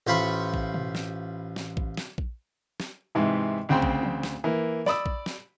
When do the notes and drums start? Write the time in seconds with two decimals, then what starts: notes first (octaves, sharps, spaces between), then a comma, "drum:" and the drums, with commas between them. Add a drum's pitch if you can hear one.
0.07 A1 F4 C5 B5 C#6
0.54 drum: kick A#1
0.74 drum: tom B2
0.95 drum: snare
1.56 drum: snare
1.77 drum: kick A#1
1.97 drum: snare
2.18 drum: kick A#1
2.80 drum: snare
3.15 G#2 C3 E3
3.69 D2 C#3 C4 G5 C6
3.82 drum: kick A#1
4.03 drum: tom E3
4.23 drum: snare
4.44 E3 A#3
4.86 D5 B5 D#6 E6, drum: snare
5.06 drum: kick A#1
5.26 drum: snare